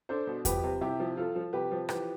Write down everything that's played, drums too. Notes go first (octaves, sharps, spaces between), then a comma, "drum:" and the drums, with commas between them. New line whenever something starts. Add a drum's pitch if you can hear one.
D4 A4 C5
B2
F3 G4 B4, drum: kick E2, hi-hat
C3
C3 E4 G4
F3
F3 F4 A4
F3
C3 G4 B4
F3
E3 G4 B4, drum: rim click